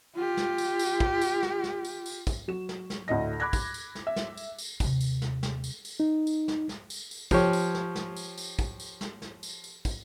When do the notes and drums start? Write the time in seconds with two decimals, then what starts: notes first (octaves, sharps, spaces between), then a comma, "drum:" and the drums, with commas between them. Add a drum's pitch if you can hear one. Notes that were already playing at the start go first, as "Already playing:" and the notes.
0.16 F4 G4
0.37 drum: snare
0.58 drum: tambourine
0.79 drum: tambourine
1.00 drum: kick
1.21 drum: tambourine
1.43 drum: snare
1.64 drum: snare
1.85 drum: tambourine
2.06 drum: tambourine
2.27 drum: kick, tambourine
2.48 F#3 F#4 E7
2.69 drum: snare
2.90 drum: snare
3.08 D2 A2 D#5 A#6
3.40 B5 D6 F#6 G#6 A#6
3.53 drum: kick, tambourine
3.74 drum: tambourine
3.95 drum: snare
4.07 E5
4.16 drum: snare
4.37 drum: tambourine
4.58 drum: tambourine
4.80 D#2 C3, drum: kick, tambourine
5.01 drum: tambourine
5.22 drum: snare
5.43 drum: snare
5.64 drum: tambourine
5.85 drum: tambourine
6.00 D#4
6.27 drum: tambourine
6.48 drum: snare
6.69 drum: snare
6.90 drum: tambourine
7.11 drum: tambourine
7.31 F3 G4 C#5, drum: kick, tambourine
7.53 drum: tambourine
7.74 drum: snare
7.95 drum: snare
8.17 drum: tambourine
8.38 drum: tambourine
8.59 drum: kick, tambourine
8.80 drum: tambourine
9.01 drum: snare
9.22 drum: snare
9.43 drum: tambourine
9.64 drum: tambourine
9.85 drum: kick, tambourine